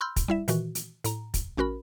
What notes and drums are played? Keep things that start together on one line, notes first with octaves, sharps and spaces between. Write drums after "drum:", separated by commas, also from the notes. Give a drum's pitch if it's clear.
B5 C6 E6 F6 G6
drum: kick, hi-hat
G3 E4 E5
A#2 D#3 E3 F#4, drum: hi-hat
drum: hi-hat
A2 A#5, drum: hi-hat
drum: kick, hi-hat
A1 C#4 F#4 A#4 B5